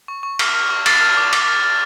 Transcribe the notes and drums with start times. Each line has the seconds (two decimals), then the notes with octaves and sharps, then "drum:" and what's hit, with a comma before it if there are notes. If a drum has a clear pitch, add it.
0.08 C#6
0.23 C#6
0.39 F6, drum: cymbal
0.54 F6
0.70 C#6
0.86 F6 A6, drum: cymbal
1.01 F6
1.17 D6
1.33 D6, drum: cymbal
1.47 F6
1.64 F6